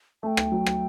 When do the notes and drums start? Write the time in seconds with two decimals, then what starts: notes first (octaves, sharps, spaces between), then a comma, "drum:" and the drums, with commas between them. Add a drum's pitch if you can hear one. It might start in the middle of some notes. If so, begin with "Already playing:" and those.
0.23 A3 G5 A5
0.37 drum: rim click
0.52 F#3
0.66 drum: rim click